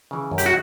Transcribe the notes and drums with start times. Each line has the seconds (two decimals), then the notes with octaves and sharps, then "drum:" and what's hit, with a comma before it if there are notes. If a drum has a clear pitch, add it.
0.11 C#3 E3
0.31 F#2
0.38 G4, drum: hi-hat
0.46 F#4